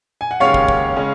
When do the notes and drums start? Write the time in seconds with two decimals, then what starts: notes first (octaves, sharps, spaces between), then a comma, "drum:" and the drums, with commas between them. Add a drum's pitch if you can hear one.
0.21 G#5
0.31 F#5
0.40 D#2 C#3 G#3 C#4 C#5 F5
0.54 drum: kick
0.68 drum: kick
0.96 C#3 G#3 C#4